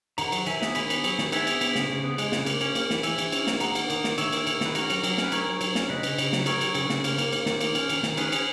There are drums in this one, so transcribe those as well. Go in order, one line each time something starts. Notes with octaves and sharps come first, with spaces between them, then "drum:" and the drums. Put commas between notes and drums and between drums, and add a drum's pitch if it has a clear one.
D#3 F#5 A#5, drum: cymbal
F#3, drum: cymbal
D#3 E5 G#5, drum: cymbal
B3, drum: snare
D#3 G#5 B5, drum: cymbal
B3, drum: cymbal
F#3, drum: cymbal
D#3, drum: snare
B3 E5 G#5, drum: cymbal
B3, drum: cymbal
B3, drum: cymbal
C#3, drum: snare
C#3
B3
G#3, drum: cymbal
C#3, drum: snare
A#3, drum: cymbal
C#4, drum: cymbal
A#3, drum: cymbal
E3, drum: snare
E3 E5 G#5, drum: cymbal
E3, drum: cymbal
C#4, drum: cymbal
A#3, drum: snare
D#3 F#5 A#5, drum: cymbal
A#3, drum: cymbal
D#3, drum: cymbal
A#3, drum: snare
D#3 C#5 E5, drum: cymbal
A#3, drum: cymbal
D#3, drum: cymbal
D#3 B4, drum: snare
C#4 F#4 A#4, drum: cymbal
F#3, drum: cymbal
F#3, drum: cymbal
C#4, drum: snare
B4
F#3 A#4 C#5, drum: cymbal
F#3
F#3, drum: cymbal
C#4, drum: snare
C#3 B4 D#5
C#3, drum: cymbal
C#3, drum: cymbal
F#3, drum: snare
F#3 A#4 C#5, drum: cymbal
F#3, drum: cymbal
C#3, drum: cymbal
C#3, drum: snare
A#3, drum: cymbal
A#3, drum: cymbal
A#3, drum: cymbal
D#3, drum: snare
A#3, drum: cymbal
C#4, drum: cymbal
D#3, drum: cymbal
D#3, drum: snare
C#4 G#4 B4, drum: cymbal
C#4, drum: cymbal